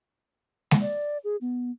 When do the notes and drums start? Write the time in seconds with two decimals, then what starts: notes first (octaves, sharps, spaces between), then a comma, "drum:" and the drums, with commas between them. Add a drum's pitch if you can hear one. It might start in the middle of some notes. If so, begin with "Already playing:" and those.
0.71 drum: snare G#3
0.81 D5
1.24 G#4
1.41 B3